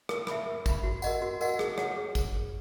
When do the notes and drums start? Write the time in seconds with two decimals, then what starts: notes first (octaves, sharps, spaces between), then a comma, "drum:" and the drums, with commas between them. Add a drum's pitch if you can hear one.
0.09 A#4, drum: rim click
0.27 E5 B5, drum: rim click
0.46 A#4
0.66 E5 B5, drum: kick G#1, tambourine
0.83 F#4
1.02 A#4 D#5 F#5, drum: tambourine
1.22 F#4
1.41 A#4 D#5 F#5, drum: tambourine
1.59 G#4, drum: rim click
1.78 C#5 F#5, drum: rim click
1.97 G#4
2.15 drum: kick G#1, tambourine